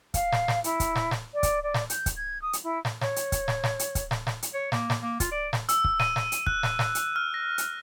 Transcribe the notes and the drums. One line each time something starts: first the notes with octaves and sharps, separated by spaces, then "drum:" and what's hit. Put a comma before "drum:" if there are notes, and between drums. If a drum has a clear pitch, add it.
F5, drum: kick, hi-hat
drum: snare
drum: snare
E4, drum: hi-hat
drum: kick, hi-hat
drum: snare
drum: snare
D5
drum: kick, hi-hat
D5
drum: snare
G6, drum: hi-hat
drum: kick, hi-hat
G#6
D#6
drum: hi-hat
E4
drum: snare
C#5, drum: snare
drum: hi-hat
drum: kick, hi-hat
drum: snare
drum: snare
drum: hi-hat
drum: kick, hi-hat
drum: snare
drum: snare
drum: hi-hat
C#5
A#3, drum: snare
drum: snare
A#3
F4, drum: kick, hi-hat
D5
drum: snare
E6, drum: hi-hat
drum: kick
D#7, drum: snare
drum: snare
drum: hi-hat
F#6, drum: kick
drum: snare
drum: snare
drum: hi-hat
F6
A#6
drum: hi-hat